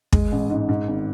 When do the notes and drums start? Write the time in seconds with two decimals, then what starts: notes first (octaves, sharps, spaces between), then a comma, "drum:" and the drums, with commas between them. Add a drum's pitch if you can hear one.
0.13 G#3, drum: kick
0.32 A1
0.50 G#2
0.69 G#2
0.88 G#1